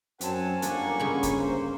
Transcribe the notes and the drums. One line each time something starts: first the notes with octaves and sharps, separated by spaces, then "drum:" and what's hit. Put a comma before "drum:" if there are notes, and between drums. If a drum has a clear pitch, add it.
F#2 C4 C#4 F#5 G#5 A5, drum: hi-hat
G1 A#3 D4 C#6, drum: hi-hat
C#3 G#3 B3
drum: kick, hi-hat
A#3 C5